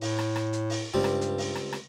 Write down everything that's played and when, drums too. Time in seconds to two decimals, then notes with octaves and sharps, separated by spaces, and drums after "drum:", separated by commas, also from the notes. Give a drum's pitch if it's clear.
0.01 A2, drum: open hi-hat
0.18 drum: rim click
0.36 drum: rim click
0.53 drum: hi-hat
0.70 drum: open hi-hat
0.94 C#2 G2 G3 C4
1.04 drum: rim click
1.21 drum: hi-hat
1.38 drum: open hi-hat
1.55 drum: rim click
1.72 drum: rim click